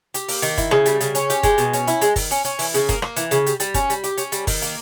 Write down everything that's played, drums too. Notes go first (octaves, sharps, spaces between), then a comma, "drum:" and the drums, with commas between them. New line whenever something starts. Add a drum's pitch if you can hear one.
G4, drum: hi-hat
A#3, drum: open hi-hat
D#3, drum: hi-hat
E4, drum: kick F#1, hi-hat
C#3, drum: rim click
G3, drum: hi-hat
C#3, drum: hi-hat
C#4, drum: hi-hat
G4, drum: hi-hat
G#3, drum: kick F#1, hi-hat
B2, drum: hi-hat
C#4, drum: hi-hat
E4, drum: hi-hat
G#3, drum: hi-hat
D#3, drum: kick F#1, open hi-hat
C#4, drum: hi-hat
C#4, drum: hi-hat
E3, drum: open hi-hat
C#3, drum: hi-hat
A#3, drum: kick F#1, hi-hat
A#3, drum: rim click
E3, drum: hi-hat
C#3, drum: hi-hat
G3, drum: hi-hat
G3, drum: hi-hat
C#4, drum: kick F#1, hi-hat
G3, drum: hi-hat
G4, drum: hi-hat
C#4, drum: hi-hat
G3, drum: hi-hat
D#3, drum: kick F#1, open hi-hat
A#3, drum: hi-hat